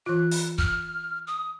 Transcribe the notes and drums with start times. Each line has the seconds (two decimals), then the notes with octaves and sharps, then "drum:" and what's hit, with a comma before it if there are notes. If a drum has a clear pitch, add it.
0.06 E3 F4 F#6
0.31 drum: open hi-hat
0.58 F6, drum: kick
1.27 D#6